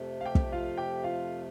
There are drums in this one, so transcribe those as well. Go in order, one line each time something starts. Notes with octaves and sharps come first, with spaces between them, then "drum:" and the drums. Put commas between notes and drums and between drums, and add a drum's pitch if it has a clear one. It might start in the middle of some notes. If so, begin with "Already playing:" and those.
Already playing: F2 C3 F3 A3
F5
G4 G5
drum: kick
F4 F5
G4 G5
F4 F5